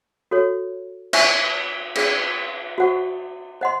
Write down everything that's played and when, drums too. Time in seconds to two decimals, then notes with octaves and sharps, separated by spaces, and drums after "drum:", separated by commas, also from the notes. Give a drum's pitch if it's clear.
0.31 F#4 A4 C#5
1.13 C5 E5 G#5 C#6, drum: cymbal
1.95 C#4 G#4 D#5, drum: cymbal
2.78 F#4 C5 F#5 C#6
3.61 C5 D#5 F#5 C6